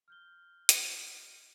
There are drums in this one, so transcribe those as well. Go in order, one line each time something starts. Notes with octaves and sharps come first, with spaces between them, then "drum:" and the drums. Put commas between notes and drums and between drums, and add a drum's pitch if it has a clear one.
F6 G6 G7
drum: hi-hat